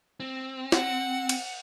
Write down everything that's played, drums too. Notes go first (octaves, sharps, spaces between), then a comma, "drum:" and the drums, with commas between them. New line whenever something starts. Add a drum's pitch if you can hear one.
C4
F#5, drum: snare
drum: cymbal